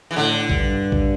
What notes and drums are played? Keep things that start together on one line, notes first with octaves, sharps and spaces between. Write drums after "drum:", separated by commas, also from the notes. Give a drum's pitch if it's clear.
E3
A2 D3
G2, drum: kick A#1
drum: kick A#1